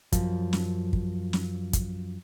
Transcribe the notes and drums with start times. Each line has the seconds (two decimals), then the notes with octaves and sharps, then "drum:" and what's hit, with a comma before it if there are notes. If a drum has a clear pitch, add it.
0.12 F#2 F3, drum: kick, hi-hat
0.53 drum: snare
0.93 drum: kick
1.33 drum: snare
1.73 drum: kick, hi-hat